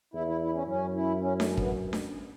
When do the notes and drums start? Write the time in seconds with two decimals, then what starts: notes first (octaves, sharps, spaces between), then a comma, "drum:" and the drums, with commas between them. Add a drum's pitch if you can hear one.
0.13 E2 E4
0.28 E4
0.41 E4
0.54 C#4
0.67 F#2 C#4
0.94 E4
1.21 C#4
1.40 A3, drum: snare D4
1.51 A3
1.57 B3, drum: kick
1.93 drum: snare D4